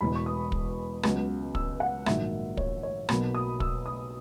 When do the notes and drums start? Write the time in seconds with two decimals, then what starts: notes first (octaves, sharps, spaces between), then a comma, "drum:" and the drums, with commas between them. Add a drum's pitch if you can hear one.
0.01 E1 E2 B2 B5
0.15 C#6
0.26 D#6
0.52 drum: kick
1.03 C#2 C#3 F#3 B3, drum: rim click
1.55 E6, drum: kick
1.80 F#5
2.06 A#1 G#2 D#3 F#3 A#3 E5, drum: rim click
2.57 C#5, drum: kick
2.83 C#5
3.09 B1 B2 F#3 A#3 B5, drum: rim click
3.35 D#6
3.60 E6, drum: kick
3.86 D#6